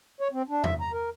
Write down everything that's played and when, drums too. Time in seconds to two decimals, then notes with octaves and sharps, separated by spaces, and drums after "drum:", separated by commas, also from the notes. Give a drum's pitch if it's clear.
0.21 C#5
0.33 C4
0.49 D4
0.64 E5, drum: tom E2
0.81 A#5
0.92 A#4